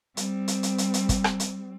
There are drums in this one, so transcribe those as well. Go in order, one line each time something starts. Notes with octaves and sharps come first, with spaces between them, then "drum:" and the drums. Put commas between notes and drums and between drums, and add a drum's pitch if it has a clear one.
G3 C4, drum: hi-hat
drum: hi-hat
drum: hi-hat
drum: hi-hat
drum: hi-hat
drum: kick, hi-hat
drum: rim click
drum: hi-hat